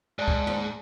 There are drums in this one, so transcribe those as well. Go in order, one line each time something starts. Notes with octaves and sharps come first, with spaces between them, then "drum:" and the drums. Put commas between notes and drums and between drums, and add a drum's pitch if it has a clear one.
G#2 D5 A5
drum: kick C#2
drum: tom